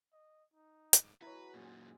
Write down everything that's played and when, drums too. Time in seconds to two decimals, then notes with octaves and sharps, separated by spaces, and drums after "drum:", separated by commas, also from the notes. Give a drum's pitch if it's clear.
0.13 D#5
0.54 D#4
0.93 drum: hi-hat
1.22 B2 F#3 E4 G#4 B4 C#5 A#5
1.54 F#2 A#2 C#4 D#4 G#4 C6